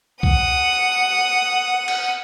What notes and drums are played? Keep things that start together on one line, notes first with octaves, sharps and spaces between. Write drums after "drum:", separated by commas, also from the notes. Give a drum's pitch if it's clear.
F#5 D#6, drum: kick C2
drum: cymbal